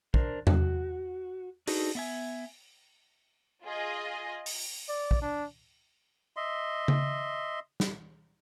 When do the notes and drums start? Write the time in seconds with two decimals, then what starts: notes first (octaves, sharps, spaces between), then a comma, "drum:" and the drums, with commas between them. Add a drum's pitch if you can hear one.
0.14 D4 A#4 C5, drum: kick
0.47 F#4, drum: tom E2
1.68 D4 D#4 F#4 G#4 A4 B4, drum: open hi-hat
1.95 B3 E5 G#5
3.64 F4 G#4 D#5
4.46 drum: open hi-hat
4.89 D5
5.11 drum: kick
5.22 D4
6.36 D#5 E5 C6
6.88 drum: tom C#3
7.80 drum: snare